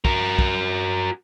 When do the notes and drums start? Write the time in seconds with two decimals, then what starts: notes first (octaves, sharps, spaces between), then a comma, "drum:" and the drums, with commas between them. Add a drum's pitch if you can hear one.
0.05 F#4 A#4, drum: kick
0.39 drum: kick